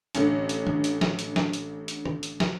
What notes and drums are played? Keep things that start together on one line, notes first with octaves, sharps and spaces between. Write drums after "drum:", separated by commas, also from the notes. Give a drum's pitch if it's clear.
A1 D3, drum: hi-hat
drum: hi-hat
drum: tom D#3
drum: hi-hat
drum: snare
drum: hi-hat
drum: snare
drum: hi-hat
drum: hi-hat
drum: tom
drum: hi-hat
drum: snare